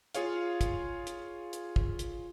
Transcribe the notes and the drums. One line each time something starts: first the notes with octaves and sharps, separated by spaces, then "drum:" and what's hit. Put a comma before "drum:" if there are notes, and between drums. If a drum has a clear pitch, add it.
F4 G#4 C#5 F5, drum: hi-hat
drum: kick, hi-hat
drum: hi-hat
drum: hi-hat
drum: kick
drum: hi-hat